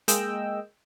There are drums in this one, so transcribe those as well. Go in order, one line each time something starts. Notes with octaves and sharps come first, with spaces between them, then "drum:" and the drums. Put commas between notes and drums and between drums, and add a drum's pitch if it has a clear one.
G#3 A#3 D#5 G5 E6, drum: hi-hat